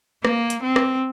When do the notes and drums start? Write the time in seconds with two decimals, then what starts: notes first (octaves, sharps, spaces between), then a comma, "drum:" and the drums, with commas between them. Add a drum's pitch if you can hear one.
0.25 A#3, drum: rim click
0.50 drum: hi-hat
0.63 C4
0.76 drum: rim click